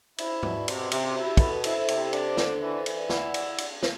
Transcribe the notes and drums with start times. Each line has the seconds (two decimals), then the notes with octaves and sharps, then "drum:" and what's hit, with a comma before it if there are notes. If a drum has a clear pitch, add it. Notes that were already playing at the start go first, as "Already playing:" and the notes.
0.18 E4 C5 E5, drum: cymbal
0.43 B2 B4 D5, drum: tom G#2
0.68 C3, drum: cymbal
0.91 C3, drum: cymbal
1.11 E4 F#4
1.24 G4
1.37 B2 A4, drum: kick, cymbal
1.51 B4
1.64 E4 A4 C5, drum: cymbal
1.88 C3, drum: cymbal
2.13 D4, drum: cymbal
2.37 D3, drum: snare
2.61 E3 B4 D5
2.77 A4 C5
2.86 E3, drum: cymbal
2.93 B4 D5
3.09 E4 D5 F#5, drum: snare
3.34 drum: cymbal
3.58 drum: cymbal
3.83 drum: snare